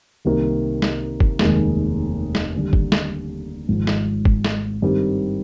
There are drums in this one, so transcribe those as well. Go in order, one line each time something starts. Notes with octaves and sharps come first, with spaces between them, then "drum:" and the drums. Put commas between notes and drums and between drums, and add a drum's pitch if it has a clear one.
C2 C3 D#3 A#3
drum: snare
drum: kick F#1
F1 D#2 D#3 G#3, drum: snare
drum: snare
D#2 D3 G3
drum: kick F#1
drum: snare
G#1 G#2 F3
drum: snare
drum: kick F#1
drum: snare
G2 D#3 G3 C4